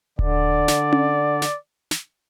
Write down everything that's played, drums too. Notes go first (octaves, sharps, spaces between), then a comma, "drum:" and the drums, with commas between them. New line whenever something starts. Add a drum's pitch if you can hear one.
D3 D5, drum: kick D#1
drum: snare
drum: tom C#4
drum: snare
drum: snare